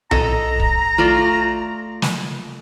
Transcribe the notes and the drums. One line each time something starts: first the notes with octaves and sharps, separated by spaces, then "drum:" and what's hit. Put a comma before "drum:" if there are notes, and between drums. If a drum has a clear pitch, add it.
A4 D#5 A#5, drum: tom B1
drum: kick
A3 F4 D5
drum: snare